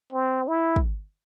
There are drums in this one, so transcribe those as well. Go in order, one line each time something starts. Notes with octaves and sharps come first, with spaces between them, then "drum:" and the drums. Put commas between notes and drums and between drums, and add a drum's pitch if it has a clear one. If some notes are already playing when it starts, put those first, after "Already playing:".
C4
E4
drum: kick